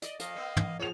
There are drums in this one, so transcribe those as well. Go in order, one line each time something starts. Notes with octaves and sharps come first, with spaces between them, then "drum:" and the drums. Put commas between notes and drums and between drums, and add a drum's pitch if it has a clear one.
D5 D#5, drum: hi-hat
F2 D#5 F5, drum: hi-hat
A#3 B3
drum: tom
F3 A3 G#4 C#5 F7